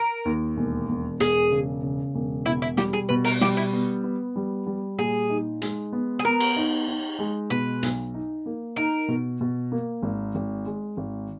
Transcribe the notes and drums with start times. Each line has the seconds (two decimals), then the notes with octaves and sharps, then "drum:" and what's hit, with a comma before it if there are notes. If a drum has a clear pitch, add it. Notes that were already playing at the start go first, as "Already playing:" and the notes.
Already playing: A#4
0.25 D#2
0.57 E1
0.89 E1
1.20 E1 G#4, drum: hi-hat
1.51 C#3
1.83 C#3
2.15 E1
2.46 B2 E4
2.62 E4
2.77 G3 G4, drum: snare
2.93 G#4
3.09 B2 B4
3.25 A#4, drum: open hi-hat
3.41 G3 G4, drum: snare
3.57 E4
3.73 B3
4.04 B3
4.36 G3
4.66 G3
4.98 A#2 G#4
5.30 D#4
5.62 G#3, drum: hi-hat
5.93 B3
6.19 G#4
6.25 B3 A#4
6.40 drum: cymbal
6.56 D#4
6.88 D#4
7.19 G#3
7.50 B2 B4
7.83 B1, drum: hi-hat
8.14 D#4
8.46 A#3
8.76 D#4 A#4
9.08 B2
9.41 B2
9.72 A#3
10.02 G#1
10.35 G#1
10.66 G#3
10.97 G#1